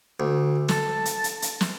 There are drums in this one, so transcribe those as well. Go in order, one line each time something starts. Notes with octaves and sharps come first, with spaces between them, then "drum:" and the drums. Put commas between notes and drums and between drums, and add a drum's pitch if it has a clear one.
D2
A4 A5, drum: snare
drum: hi-hat
drum: hi-hat
drum: hi-hat
drum: snare